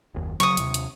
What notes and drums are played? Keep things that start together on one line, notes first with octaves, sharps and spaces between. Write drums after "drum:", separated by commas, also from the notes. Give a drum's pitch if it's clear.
F#1 D#2
C#3 F#3 C#6 D#6, drum: hi-hat
D#2 C3, drum: hi-hat
drum: hi-hat